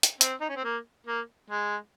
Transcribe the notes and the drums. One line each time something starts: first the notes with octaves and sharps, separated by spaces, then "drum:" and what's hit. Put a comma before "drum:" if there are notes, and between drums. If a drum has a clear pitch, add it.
drum: hi-hat
C4, drum: hi-hat
D#4
C#4
C4
A#3
A#3
G#3